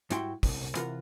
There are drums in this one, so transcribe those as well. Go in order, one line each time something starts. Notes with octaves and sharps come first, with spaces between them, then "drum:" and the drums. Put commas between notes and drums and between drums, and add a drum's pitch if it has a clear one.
G#2 G3 E4 F#4 G5 C6, drum: hi-hat
C2, drum: kick, open hi-hat
C3 E3 F4 A#4 F#5, drum: hi-hat